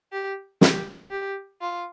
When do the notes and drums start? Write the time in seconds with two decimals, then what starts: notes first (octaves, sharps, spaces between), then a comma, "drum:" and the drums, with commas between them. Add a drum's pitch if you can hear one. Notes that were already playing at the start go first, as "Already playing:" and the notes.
0.12 G4
0.61 G4, drum: snare
1.11 G4
1.61 F4